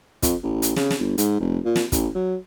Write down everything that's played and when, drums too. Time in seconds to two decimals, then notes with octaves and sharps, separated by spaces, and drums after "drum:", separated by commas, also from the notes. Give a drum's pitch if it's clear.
0.22 F2, drum: kick, hi-hat
0.43 A1
0.62 drum: hi-hat
0.76 C#3, drum: snare
0.91 drum: snare
1.00 G1
1.18 G#2, drum: hi-hat
1.40 F1
1.65 A#2
1.76 drum: snare
1.92 A1, drum: kick, hi-hat
2.15 F#3